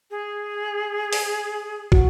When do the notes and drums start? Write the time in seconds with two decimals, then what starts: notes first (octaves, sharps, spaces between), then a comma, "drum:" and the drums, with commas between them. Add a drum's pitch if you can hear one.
0.11 G#4
1.13 drum: open hi-hat
1.92 F#4, drum: kick